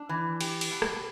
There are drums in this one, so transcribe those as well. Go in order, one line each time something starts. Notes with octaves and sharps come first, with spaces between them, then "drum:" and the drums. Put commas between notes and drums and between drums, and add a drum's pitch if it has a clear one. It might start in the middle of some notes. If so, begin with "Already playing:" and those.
Already playing: D4
E3
G4, drum: cymbal
drum: cymbal
B2
drum: rim click